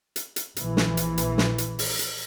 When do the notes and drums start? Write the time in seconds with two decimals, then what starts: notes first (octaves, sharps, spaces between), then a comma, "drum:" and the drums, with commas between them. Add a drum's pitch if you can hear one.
0.16 drum: hi-hat
0.36 drum: hi-hat
0.56 A#1 E3, drum: hi-hat
0.77 drum: snare
0.97 drum: hi-hat
1.18 drum: hi-hat
1.38 drum: snare
1.58 drum: hi-hat
1.79 drum: open hi-hat
1.99 drum: hi-hat